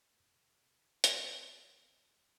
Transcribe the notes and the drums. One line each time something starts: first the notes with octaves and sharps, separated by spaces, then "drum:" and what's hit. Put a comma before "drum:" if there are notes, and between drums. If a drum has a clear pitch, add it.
F2 C3 B3
D3 C4
E1 B2, drum: hi-hat
E3
C#3
D#1